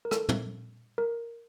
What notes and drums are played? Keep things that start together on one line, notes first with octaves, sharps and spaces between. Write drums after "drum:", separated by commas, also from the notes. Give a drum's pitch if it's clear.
A#4
A4, drum: rim click
drum: tom
A#4